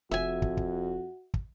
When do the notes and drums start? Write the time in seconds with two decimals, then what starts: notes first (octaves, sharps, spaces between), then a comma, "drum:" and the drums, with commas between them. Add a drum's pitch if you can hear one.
0.11 F1 F2 F#4 E5 G#5
0.42 drum: kick
0.57 drum: kick
1.34 drum: kick